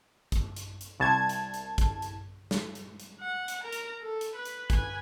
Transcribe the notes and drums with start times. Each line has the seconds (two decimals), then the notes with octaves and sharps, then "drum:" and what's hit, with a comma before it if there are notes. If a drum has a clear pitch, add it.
0.32 drum: kick, hi-hat
0.56 drum: hi-hat
0.81 drum: hi-hat
1.00 C2 A5 G#6
1.29 drum: hi-hat
1.54 drum: hi-hat
1.78 drum: kick, hi-hat
2.02 drum: hi-hat
2.51 drum: snare
2.75 drum: hi-hat
3.00 drum: hi-hat
3.20 F#5
3.48 drum: hi-hat
3.63 A#4 A#5
3.73 drum: hi-hat
4.01 A4
4.21 drum: hi-hat
4.36 B4
4.45 drum: hi-hat
4.70 B4 G#5, drum: kick, hi-hat